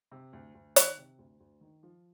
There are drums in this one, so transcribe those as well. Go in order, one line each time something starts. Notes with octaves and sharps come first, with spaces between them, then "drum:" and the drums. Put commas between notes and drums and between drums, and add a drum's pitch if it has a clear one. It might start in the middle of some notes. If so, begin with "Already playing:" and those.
C3
D2
D2
D#3, drum: hi-hat
C3
D2
D2
D#3
F3